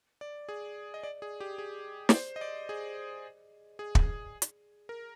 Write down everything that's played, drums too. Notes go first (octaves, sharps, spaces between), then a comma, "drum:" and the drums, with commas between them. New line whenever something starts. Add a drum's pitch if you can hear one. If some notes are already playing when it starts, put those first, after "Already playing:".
D5
G#4
D#5
D5
G#4
G4
G#4
D5, drum: snare
C5
D#5
D5
G#4
G#4
drum: kick
drum: hi-hat
A#4